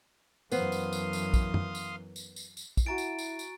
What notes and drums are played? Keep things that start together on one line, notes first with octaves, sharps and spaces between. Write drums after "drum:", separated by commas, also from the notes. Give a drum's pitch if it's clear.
F#2 E3 B3 C5 F5 C6 D#6, drum: tambourine
drum: tambourine
drum: tambourine
drum: tambourine
drum: kick, tambourine
drum: tom
drum: tambourine
drum: tambourine
drum: tambourine
drum: tambourine
drum: kick, tambourine
E4 F#4 G#5 A#5 A6 D7
drum: tambourine
drum: tambourine
drum: tambourine